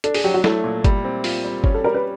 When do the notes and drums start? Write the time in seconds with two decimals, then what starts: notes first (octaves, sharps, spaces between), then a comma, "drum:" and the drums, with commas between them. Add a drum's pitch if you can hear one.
0.04 D4 A4, drum: hi-hat
0.14 G#4, drum: open hi-hat
0.24 F#3 G4
0.34 F#4
0.44 A3 E4, drum: snare
0.64 A#2
0.84 G3, drum: kick G1, hi-hat
1.04 C4
1.24 F4, drum: open hi-hat
1.44 G3
1.64 C#4, drum: kick G1
1.74 A4
1.84 G3 A#4
1.95 B4